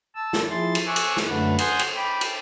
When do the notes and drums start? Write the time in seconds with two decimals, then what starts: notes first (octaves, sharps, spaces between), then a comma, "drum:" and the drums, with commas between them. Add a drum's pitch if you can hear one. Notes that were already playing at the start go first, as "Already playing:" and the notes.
0.15 A5 E6
0.33 drum: snare
0.49 F3 E4 G#4 C6 A6
0.75 drum: cymbal
0.86 G#5 C#6 D6 E6 F#6
0.96 drum: cymbal
1.17 drum: snare
1.29 F#2 D3 F#3 A3 B4 F#5
1.58 F#5 G#5 C6 D#6 G6 G#6, drum: cymbal
1.79 drum: cymbal
1.95 G5 B5 D6
2.21 drum: cymbal